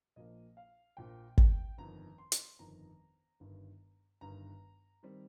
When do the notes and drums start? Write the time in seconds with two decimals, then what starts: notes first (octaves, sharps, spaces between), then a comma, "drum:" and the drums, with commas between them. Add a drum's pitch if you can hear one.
0.16 A#1 A#2 F3 A#3 D#5
0.57 F5
0.97 A#1 A#2 F3 A#3 G5
1.38 G5, drum: kick
1.78 G1 F2 D#3 A#5
2.18 C6
2.32 drum: hi-hat
2.59 G1 F2 D#3 A#5
3.40 G1 G2 D#3
4.21 G1 G2 D#3 A#5
5.03 D#3 G3 C4